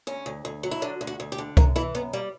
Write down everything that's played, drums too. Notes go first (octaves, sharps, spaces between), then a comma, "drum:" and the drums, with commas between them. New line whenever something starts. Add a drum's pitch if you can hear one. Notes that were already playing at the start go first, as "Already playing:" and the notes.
D2 C#4
D2
D2
F#3
E4
D3 D4
D2
F#4
D2
G4
D3
F#2 A#4, drum: kick C2
E3 E4
F#2 B3
G3 A#3